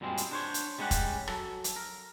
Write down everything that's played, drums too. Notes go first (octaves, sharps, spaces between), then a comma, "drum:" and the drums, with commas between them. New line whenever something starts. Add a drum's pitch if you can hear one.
F#2 A#2 G3 G#3 C4
drum: hi-hat
D4 C5 C#5
drum: hi-hat
G3 G#3 C#4 G4 F#5
drum: kick, hi-hat
F#3 A4, drum: rim click
drum: hi-hat
A#4